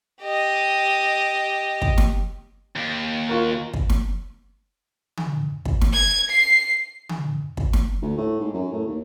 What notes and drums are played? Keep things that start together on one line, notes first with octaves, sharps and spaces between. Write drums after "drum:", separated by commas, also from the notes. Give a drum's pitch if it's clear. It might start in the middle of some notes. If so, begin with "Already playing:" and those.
G4 D#5
drum: kick
drum: snare
D#2
F4 F#4 A#4
drum: kick
drum: snare
drum: tom D3
drum: kick
drum: snare
G#6
C7
drum: tom D3
drum: kick
drum: snare
D2
A2
G#2
F#2
A2
D#2